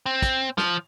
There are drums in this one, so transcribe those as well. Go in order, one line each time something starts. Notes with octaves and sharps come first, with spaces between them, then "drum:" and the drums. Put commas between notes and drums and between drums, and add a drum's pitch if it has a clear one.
C4
drum: kick, hi-hat
F3, drum: snare